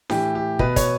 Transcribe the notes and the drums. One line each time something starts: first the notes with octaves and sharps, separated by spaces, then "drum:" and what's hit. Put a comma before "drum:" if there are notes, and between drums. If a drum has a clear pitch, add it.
A2 E3 G4, drum: snare D4
G4
B2 B4, drum: kick
C#5, drum: kick, hi-hat